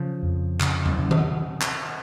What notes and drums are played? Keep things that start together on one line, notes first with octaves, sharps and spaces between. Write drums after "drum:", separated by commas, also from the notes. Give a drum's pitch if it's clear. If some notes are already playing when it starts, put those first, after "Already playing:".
Already playing: C#3 F3
F2
C#3, drum: clap
drum: tom E2
C#3
drum: tom D#3
drum: clap